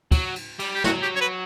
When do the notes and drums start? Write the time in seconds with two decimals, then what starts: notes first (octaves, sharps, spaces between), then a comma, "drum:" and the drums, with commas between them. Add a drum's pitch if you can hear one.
0.11 F#3, drum: kick, cymbal
0.36 drum: cymbal
0.59 G3, drum: cymbal
0.75 G4
0.84 F#3 F#4, drum: snare
1.02 G4
1.15 C#5
1.21 B4